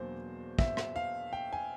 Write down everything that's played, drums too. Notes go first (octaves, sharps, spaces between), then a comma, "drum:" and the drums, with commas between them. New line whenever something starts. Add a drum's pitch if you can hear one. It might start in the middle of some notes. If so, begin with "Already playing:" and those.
Already playing: E2 B2 F#3 A#3 D4 C5
E5, drum: kick
drum: rim click
F5
G5
G#5